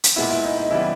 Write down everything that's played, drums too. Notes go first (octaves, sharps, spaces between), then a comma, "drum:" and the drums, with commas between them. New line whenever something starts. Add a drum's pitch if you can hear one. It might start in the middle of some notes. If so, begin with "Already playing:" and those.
drum: hi-hat
A#2 G#3 B3 E4
E4
D#4
D#4
C#3 E3 G3 B3 E4